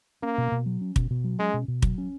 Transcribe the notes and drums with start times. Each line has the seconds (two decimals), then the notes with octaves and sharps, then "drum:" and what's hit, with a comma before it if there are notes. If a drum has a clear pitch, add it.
0.23 A#3 C#4
0.38 B2
0.52 B2
0.66 F#3
0.81 C#4
0.96 B2, drum: kick
1.11 B2
1.24 F#3
1.39 G#3 C#4
1.54 B2
1.68 B2
1.82 F#3, drum: kick
1.98 C#4